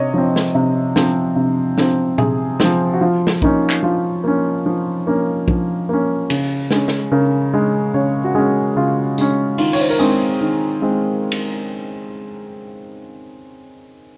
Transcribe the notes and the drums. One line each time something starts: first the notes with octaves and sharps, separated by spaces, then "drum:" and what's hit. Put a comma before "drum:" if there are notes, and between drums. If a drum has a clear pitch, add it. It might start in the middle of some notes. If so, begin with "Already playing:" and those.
Already playing: C3 C#5 D#5
F3 C4 C#5
drum: snare
C3
F3 C4, drum: snare
C3
F3 C4, drum: snare
C3 G#4, drum: tom A#2
F3 C4, drum: snare
F#4
F3 F4
drum: snare
A#3 C#4 D#4, drum: kick
drum: clap
F3 F4
A#3 C#4
F3
A#3 C#4
F3, drum: kick
A#3 C#4
C#3, drum: cymbal
G#3 C#4, drum: snare
drum: snare
C#3 A#4
G#3 C#4
C#3 C#5
F#4
G#3 C#4 G#4
C#3 F4
G#3 C#4, drum: tambourine
D#3 F4, drum: open hi-hat
C#5, drum: cymbal
C5
A#4
G#3 C4 G#4, drum: tambourine
D#3
G#3 C4
drum: cymbal